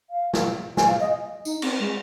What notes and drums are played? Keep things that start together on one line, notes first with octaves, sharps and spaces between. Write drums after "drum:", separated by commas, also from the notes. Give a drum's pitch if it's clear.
F5
drum: snare
G#5, drum: snare
F5
D#5
D#4, drum: tambourine
C4, drum: cymbal
G#3